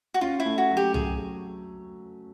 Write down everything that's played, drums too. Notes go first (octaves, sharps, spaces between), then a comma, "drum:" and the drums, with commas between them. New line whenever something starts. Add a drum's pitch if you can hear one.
F#4
C#4 F4
E4
A3
F#4
F#3
G4
F#3 G#4, drum: tom C2